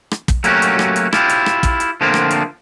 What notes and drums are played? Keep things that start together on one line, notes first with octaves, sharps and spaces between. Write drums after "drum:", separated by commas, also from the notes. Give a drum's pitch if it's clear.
drum: rim click
drum: kick, hi-hat
F#3 A3 A#3 C#4 F#4 G4, drum: hi-hat
drum: hi-hat
drum: rim click
drum: hi-hat
E4 F4 G4, drum: rim click
drum: hi-hat
drum: rim click
drum: kick, hi-hat
drum: hi-hat
D3 F3 A3 A#3 C4
drum: rim click
drum: hi-hat